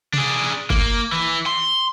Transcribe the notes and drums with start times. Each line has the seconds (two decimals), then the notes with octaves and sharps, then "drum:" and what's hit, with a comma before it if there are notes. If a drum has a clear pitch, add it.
0.13 D4 G#4, drum: tom C3
0.70 A#3, drum: kick
1.12 E3
1.46 C6